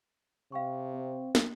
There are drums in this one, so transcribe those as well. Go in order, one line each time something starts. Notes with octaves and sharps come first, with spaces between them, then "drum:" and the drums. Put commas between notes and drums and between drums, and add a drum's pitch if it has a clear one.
C3 F5 G5 C#6
C4
drum: snare